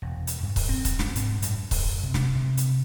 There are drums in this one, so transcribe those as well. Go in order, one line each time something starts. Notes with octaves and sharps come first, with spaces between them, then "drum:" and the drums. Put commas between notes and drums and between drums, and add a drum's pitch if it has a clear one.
E1
drum: hi-hat
G2
drum: kick C#1, open hi-hat
C4
drum: kick C#1, hi-hat
drum: snare
G#2, drum: hi-hat
F#2, drum: hi-hat
drum: kick C#1, open hi-hat
C3
drum: snare
C3
drum: hi-hat